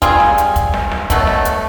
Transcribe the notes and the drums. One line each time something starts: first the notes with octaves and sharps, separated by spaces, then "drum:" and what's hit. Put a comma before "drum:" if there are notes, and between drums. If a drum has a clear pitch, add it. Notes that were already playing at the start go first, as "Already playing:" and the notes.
G3 C4 F4 G#4, drum: kick, hi-hat
drum: snare
drum: hi-hat
drum: kick, hi-hat
drum: snare
drum: snare
B2 F#3 A3, drum: kick, hi-hat
drum: snare
drum: hi-hat